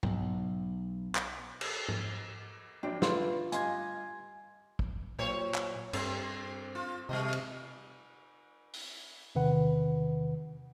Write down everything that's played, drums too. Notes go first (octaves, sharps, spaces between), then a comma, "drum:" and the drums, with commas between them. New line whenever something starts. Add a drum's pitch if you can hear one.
B1, drum: tom G#2
drum: clap
drum: cymbal
drum: tom G#2
A#1 F#3 D4 G5
D3 A3 F4 B4, drum: snare
G2 D#5 F5 G#5 C6 G#6, drum: hi-hat
drum: kick
A#2 F#3 C5 C#5
drum: clap
G2 C4, drum: cymbal
F4
C3 G3 A3 D#5
drum: cymbal
drum: open hi-hat
E2 C3 D#3 B4 F#5